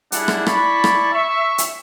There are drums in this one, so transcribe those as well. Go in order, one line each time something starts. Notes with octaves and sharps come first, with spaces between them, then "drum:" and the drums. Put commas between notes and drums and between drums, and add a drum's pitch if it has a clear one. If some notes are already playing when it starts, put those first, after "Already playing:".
G3 D4 E4 G#4 F#5, drum: hi-hat
drum: rim click
E4 D5 A5 B5 C#6, drum: rim click
drum: rim click
E5 C#6
drum: hi-hat